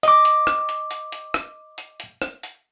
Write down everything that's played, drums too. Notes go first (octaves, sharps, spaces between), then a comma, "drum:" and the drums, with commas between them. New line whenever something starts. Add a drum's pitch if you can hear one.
D#5 D6, drum: hi-hat
drum: hi-hat
drum: rim click
drum: hi-hat
drum: hi-hat
drum: hi-hat
drum: rim click
drum: hi-hat
drum: hi-hat
drum: rim click
drum: hi-hat